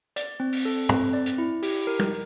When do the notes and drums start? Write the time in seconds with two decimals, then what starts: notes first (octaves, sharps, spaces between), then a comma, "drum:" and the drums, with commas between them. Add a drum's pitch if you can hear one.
0.16 D5, drum: hi-hat
0.40 C4
0.53 drum: open hi-hat
0.65 A4
0.89 C4, drum: tom
1.13 D5
1.26 drum: hi-hat
1.38 E4
1.63 G4, drum: open hi-hat
1.87 A#4
1.99 drum: tom